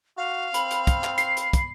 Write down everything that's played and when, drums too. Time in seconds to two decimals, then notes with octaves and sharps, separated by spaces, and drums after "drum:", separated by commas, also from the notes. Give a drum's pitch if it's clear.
0.17 F#4 F5
0.54 C4 B5, drum: hi-hat
0.71 drum: hi-hat
0.87 drum: kick, hi-hat
1.04 drum: clap
1.18 C7, drum: hi-hat
1.37 drum: hi-hat
1.53 drum: kick, hi-hat